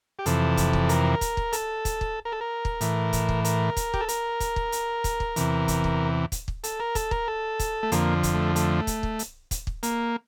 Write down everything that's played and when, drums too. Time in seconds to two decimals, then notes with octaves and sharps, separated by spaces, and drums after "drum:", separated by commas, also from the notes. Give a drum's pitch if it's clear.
0.19 G4
0.26 F2 C3 E3 A4, drum: hi-hat
0.57 drum: kick, hi-hat
0.73 drum: kick
0.89 A#4, drum: hi-hat
1.21 drum: kick, hi-hat
1.37 drum: kick
1.53 A4, drum: hi-hat
1.85 drum: kick, hi-hat
2.01 drum: kick
2.25 A#4
2.32 A4
2.41 A#4
2.65 drum: kick
2.81 A2 E3, drum: hi-hat
3.13 drum: kick, hi-hat
3.29 drum: kick
3.45 A#4, drum: hi-hat
3.77 drum: kick, hi-hat
3.94 G4, drum: kick
4.01 A4
4.08 A#4, drum: hi-hat
4.40 drum: kick, hi-hat
4.56 drum: kick
4.72 drum: hi-hat
5.04 drum: kick, hi-hat
5.20 drum: kick
5.36 E2 C3 E3, drum: hi-hat
5.68 drum: kick, hi-hat
5.84 drum: kick
6.32 drum: kick, hi-hat
6.48 drum: kick
6.64 A4, drum: hi-hat
6.80 A#4
6.95 A4, drum: kick, hi-hat
7.11 A#4, drum: kick
7.28 A4
7.59 drum: kick, hi-hat
7.83 A3
7.92 F2 D3 F3 A#3, drum: hi-hat
8.23 drum: kick, hi-hat
8.34 A3
8.56 A3, drum: hi-hat
8.87 drum: kick, hi-hat
9.03 drum: kick
9.19 drum: hi-hat
9.51 drum: kick, hi-hat
9.67 drum: kick
9.83 A#3, drum: hi-hat